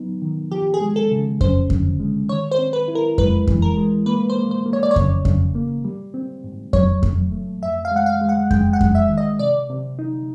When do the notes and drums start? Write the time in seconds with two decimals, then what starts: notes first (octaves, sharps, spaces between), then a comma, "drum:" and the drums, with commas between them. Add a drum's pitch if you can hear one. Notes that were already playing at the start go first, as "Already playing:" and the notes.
Already playing: F#3 B3 D#4
0.22 D#3
0.51 F3 G4
0.74 G#4
0.81 G#3
0.96 A4
1.11 C#3
1.41 C#4 C5, drum: kick F2
1.70 D3, drum: kick F2
2.00 G#3
2.29 D#3 C#5
2.51 C5
2.59 C4
2.73 B4
2.88 E4
2.95 A#4
3.18 G#3 B4, drum: kick F2
3.47 E3, drum: kick F2
3.62 A#4
3.77 G#3
4.06 A#3 B4
4.30 C5
4.36 A#3
4.51 C5
4.66 A#3
4.73 C#5
4.83 D5
4.91 C#5
4.96 C#3, drum: kick F2
5.25 C#3, drum: kick F2
5.55 A#3
5.84 G3
6.14 C4
6.44 G#2
6.73 F#3 C#5, drum: kick F2
7.03 A3, drum: kick F2
7.32 A3
7.62 F2 E5
7.85 F5
7.91 G#3 F#5
8.06 F5
8.21 G#3
8.29 F#5
8.51 G#3 G5, drum: kick F2
8.73 F#5
8.81 G#3, drum: kick F2
8.95 E5
9.10 D#3
9.17 D#5
9.39 C3 D5
9.69 C3
9.99 D#4